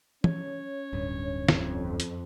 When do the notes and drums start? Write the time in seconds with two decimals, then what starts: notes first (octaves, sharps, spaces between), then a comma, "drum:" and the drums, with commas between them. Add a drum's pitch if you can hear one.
0.24 C#4 C#5, drum: tom
0.93 D1 G2
1.48 F2, drum: snare
2.00 drum: hi-hat